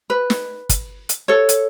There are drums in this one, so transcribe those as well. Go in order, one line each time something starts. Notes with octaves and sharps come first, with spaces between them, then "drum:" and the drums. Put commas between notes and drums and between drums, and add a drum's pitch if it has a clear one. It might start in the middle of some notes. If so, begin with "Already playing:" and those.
B4
drum: snare
drum: kick, hi-hat
drum: hi-hat
A4 C#5
drum: hi-hat